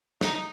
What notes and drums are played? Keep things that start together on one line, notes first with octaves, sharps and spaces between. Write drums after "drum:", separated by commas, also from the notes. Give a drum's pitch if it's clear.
D#4, drum: snare